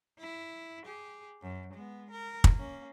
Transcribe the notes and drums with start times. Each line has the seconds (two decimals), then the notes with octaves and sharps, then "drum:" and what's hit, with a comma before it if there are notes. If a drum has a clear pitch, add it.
0.18 E4
0.86 G4 G#4
1.42 F#2
1.74 G#3 B3
2.11 A#4
2.44 drum: kick
2.54 A#3 C#4